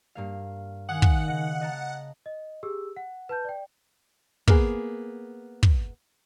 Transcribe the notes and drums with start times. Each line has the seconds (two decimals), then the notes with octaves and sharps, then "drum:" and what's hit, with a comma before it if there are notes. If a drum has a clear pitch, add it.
0.15 G2 A#3 F5
0.89 D#3 F5 F#5 G#5 D#6
1.02 drum: kick
1.28 C#3 D#5
1.61 D#5 A5 A#5
2.26 D#5
2.63 G4 G#4 E6
2.97 F#5
3.29 B4 A5 G6
3.45 D5 G5
4.48 A#3 B3 G#4, drum: kick
5.63 drum: kick